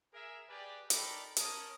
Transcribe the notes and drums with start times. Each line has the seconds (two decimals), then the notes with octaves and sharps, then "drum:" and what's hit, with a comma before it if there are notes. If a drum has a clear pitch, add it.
0.14 G#4 A#4 E5
0.48 G4 G#4 B4 D5
0.90 D#4 G4 A4 A#4 D5 B5, drum: hi-hat
1.36 C#4 A#4 A5 D#6, drum: hi-hat